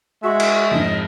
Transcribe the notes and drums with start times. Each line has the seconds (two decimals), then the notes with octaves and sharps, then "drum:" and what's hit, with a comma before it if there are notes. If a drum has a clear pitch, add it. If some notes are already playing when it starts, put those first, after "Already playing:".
0.23 G#3 F#4 E5
0.40 drum: cymbal
0.71 F2 G#2 D#5